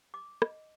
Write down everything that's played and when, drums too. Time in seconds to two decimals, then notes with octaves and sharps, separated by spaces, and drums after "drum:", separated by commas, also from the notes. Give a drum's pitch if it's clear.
0.14 D6
0.42 D#5, drum: rim click